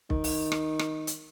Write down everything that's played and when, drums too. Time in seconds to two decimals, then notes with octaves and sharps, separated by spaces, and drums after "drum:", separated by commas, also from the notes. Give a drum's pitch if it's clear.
0.10 D#3, drum: kick B1
0.24 drum: open hi-hat
0.52 drum: rim click
0.79 drum: rim click
1.07 drum: hi-hat